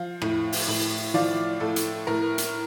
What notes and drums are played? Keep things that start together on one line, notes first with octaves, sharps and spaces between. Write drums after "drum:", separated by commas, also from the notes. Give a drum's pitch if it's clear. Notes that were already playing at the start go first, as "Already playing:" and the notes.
Already playing: F3 F5
A2, drum: rim click
drum: open hi-hat
A2
F3 D5 F5
A2 A4
drum: hi-hat
A2 A#4
drum: hi-hat